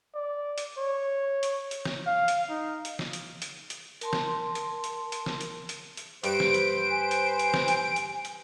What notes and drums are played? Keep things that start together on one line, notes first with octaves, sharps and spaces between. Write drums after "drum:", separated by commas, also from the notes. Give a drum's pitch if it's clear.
D5
drum: hi-hat
C#5
drum: hi-hat
drum: hi-hat
drum: snare
F5
drum: hi-hat
D#4
drum: hi-hat
drum: snare
drum: hi-hat
drum: hi-hat
drum: hi-hat
A#4 A5 C6, drum: hi-hat
drum: snare
drum: hi-hat
drum: hi-hat
drum: hi-hat
drum: snare
drum: hi-hat
drum: hi-hat
drum: hi-hat
G2 B4 C5 D7, drum: hi-hat
drum: snare
drum: hi-hat
G#5
drum: hi-hat
drum: hi-hat
drum: snare
drum: hi-hat
drum: hi-hat
drum: hi-hat